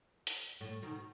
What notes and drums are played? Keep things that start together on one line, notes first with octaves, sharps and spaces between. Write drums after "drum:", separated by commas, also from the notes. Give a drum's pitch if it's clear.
drum: hi-hat
A2
B2 D#3